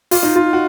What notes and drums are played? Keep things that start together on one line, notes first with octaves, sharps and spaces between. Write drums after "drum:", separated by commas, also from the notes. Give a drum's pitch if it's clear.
F4, drum: open hi-hat
D#4
F4
F#4